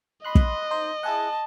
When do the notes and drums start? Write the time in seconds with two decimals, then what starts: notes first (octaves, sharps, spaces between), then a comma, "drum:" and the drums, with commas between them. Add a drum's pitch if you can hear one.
0.24 D#5 B5 C6 F#6
0.35 drum: kick
0.71 D#4 C5
1.03 E4 G#4 F#5 A5